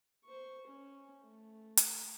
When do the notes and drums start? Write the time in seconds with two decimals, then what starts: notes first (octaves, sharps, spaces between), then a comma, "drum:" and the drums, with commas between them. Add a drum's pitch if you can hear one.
0.25 C5 C#6
0.67 C#4
1.24 A3
1.77 drum: hi-hat